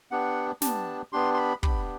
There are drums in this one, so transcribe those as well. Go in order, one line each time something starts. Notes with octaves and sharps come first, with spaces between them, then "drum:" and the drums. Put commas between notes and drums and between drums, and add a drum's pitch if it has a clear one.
B3 D4 G4 F#5
B3 D4 G4 A5, drum: snare
B3 D4 G4 C6
C6
B5
B3 D4 G4 B5, drum: kick